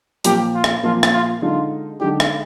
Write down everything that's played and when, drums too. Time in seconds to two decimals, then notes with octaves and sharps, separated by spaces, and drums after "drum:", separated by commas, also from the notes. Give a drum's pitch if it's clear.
0.24 A#2 F3 A#3 G4, drum: hi-hat
0.55 F4
0.64 drum: rim click
0.83 A#2 F3 A#3 F4
1.03 drum: rim click
1.13 F4
1.42 D3 G#3 D#4 F4
2.00 D3 G#3 D#4 G4
2.20 drum: rim click